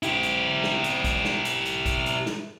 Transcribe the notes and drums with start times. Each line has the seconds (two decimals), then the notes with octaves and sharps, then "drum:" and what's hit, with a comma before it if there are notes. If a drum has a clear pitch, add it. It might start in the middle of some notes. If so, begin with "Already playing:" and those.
0.03 E4 G4, drum: hi-hat
0.23 drum: hi-hat
0.64 drum: snare
0.84 drum: hi-hat
1.04 drum: kick A1, hi-hat
1.25 drum: snare
1.45 drum: hi-hat
1.65 drum: hi-hat
1.86 drum: kick A1, hi-hat
2.06 drum: hi-hat
2.26 drum: snare